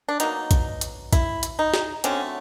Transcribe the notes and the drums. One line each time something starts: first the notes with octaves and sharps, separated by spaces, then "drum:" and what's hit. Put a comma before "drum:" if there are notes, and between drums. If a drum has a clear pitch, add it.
D4
B2 F#3 A#3 D#4, drum: hi-hat
drum: kick, hi-hat
drum: hi-hat
E4, drum: kick, hi-hat
drum: hi-hat
D#4
drum: snare
D3 F#3 A3 C4 C#4, drum: hi-hat